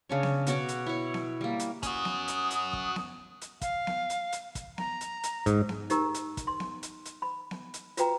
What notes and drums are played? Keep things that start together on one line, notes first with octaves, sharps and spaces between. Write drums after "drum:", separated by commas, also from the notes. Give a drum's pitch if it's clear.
C#3 D4 C#5
drum: snare B3
B2 F#4 C#5 D6, drum: hi-hat
drum: hi-hat
E4 C#5
drum: snare B3
G3 A#3
drum: hi-hat
C#4 F#4 D#6, drum: kick, hi-hat
drum: snare B3
drum: hi-hat
drum: hi-hat
drum: kick
drum: snare B3
drum: hi-hat
F5, drum: kick, hi-hat
drum: snare B3
drum: hi-hat
drum: hi-hat
drum: kick, hi-hat
A#5, drum: snare B3
drum: hi-hat
drum: hi-hat
G#2, drum: kick, hi-hat
drum: snare B3
D#4 G4 A#4 A#5 E6, drum: hi-hat
drum: hi-hat
drum: kick, hi-hat
C6
drum: snare B3
drum: hi-hat
drum: hi-hat
B5
drum: snare B3
drum: hi-hat
F4 F#4 B4 G5 A#5, drum: hi-hat